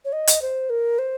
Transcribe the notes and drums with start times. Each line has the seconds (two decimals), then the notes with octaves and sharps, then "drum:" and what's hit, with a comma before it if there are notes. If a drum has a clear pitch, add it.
0.05 C#5
0.13 D#5
0.27 drum: hi-hat
0.42 C5
0.70 A#4
0.99 C5